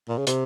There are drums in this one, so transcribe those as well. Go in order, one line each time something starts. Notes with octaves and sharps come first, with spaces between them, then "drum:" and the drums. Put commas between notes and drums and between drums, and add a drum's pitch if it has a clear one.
A#2
C#3
C3, drum: hi-hat